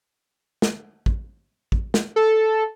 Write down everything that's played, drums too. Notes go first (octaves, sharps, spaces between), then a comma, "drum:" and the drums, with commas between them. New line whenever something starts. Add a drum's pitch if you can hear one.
drum: snare
drum: kick
drum: kick
drum: snare
A4